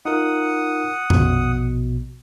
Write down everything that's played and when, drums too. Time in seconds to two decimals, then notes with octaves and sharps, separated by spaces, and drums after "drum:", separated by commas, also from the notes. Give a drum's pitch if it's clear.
0.05 D#4 F4 A#4 F#5 D#6
1.10 A#1 B2, drum: tom F2